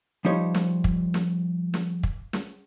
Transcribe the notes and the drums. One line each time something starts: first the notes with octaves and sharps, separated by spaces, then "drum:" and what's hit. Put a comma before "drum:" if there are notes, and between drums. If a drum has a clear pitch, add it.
F3 G3 D#4 G4 C5 C#5
drum: snare
drum: kick
drum: snare
drum: snare
drum: kick
drum: snare